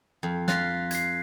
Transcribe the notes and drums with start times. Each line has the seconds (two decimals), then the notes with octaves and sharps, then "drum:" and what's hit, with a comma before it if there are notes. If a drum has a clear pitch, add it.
0.23 F2
0.48 F4 F5 F#6 A#6 B6, drum: snare
0.91 G#6 C7, drum: hi-hat